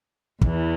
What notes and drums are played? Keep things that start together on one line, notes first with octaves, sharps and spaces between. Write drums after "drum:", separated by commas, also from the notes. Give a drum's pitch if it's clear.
E2 E3, drum: kick